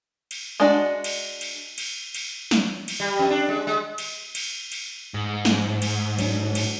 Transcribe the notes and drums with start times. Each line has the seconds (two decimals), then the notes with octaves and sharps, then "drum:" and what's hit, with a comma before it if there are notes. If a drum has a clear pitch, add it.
0.31 drum: cymbal
0.60 G#3 D4 F#4
1.04 drum: cymbal
1.41 drum: cymbal
1.78 drum: cymbal
2.15 drum: cymbal
2.51 drum: snare
2.88 drum: cymbal
3.00 G3
3.19 F2
3.30 D4
3.49 G#3
3.67 G#3
3.98 drum: cymbal
4.35 drum: cymbal
4.72 drum: cymbal
5.14 G#2
5.45 drum: snare
5.82 drum: cymbal
6.19 F#3 D4, drum: cymbal
6.55 drum: cymbal